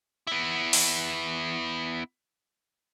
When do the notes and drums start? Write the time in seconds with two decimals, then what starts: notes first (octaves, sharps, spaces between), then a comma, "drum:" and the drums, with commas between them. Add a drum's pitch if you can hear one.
0.27 B3 E4
0.73 drum: open hi-hat